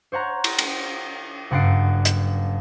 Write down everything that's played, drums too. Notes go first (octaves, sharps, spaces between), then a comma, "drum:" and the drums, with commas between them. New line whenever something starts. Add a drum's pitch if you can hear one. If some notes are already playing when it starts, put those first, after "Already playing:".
C5 C#5 F#5 A#5
drum: cymbal
drum: cymbal
F#1 G2 F#5 A6 C7 D7
drum: hi-hat